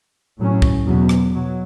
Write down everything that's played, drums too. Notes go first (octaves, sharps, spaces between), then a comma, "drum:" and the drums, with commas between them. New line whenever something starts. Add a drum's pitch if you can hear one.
A2 F#3 C#4
drum: kick
E2 B2 F#3 B3
drum: rim click
B2 F#3